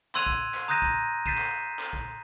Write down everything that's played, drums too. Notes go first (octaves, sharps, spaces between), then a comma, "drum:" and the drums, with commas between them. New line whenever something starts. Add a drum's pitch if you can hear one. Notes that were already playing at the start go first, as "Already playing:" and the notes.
C6 E6 F#6 G#6 D#7 F7, drum: clap
drum: kick A#1
drum: clap
A#5 D#6 F#6 G6 A#6 D#7
drum: kick A#1
G6 A6 B6 C7 D#7 E7, drum: kick A#1
drum: clap
drum: clap
drum: kick A#1